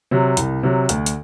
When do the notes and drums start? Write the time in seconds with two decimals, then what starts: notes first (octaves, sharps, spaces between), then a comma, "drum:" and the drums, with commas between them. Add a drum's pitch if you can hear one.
0.11 C3 F#3
0.37 C2, drum: hi-hat
0.63 C3 F#3
0.89 D2, drum: hi-hat
1.06 drum: hi-hat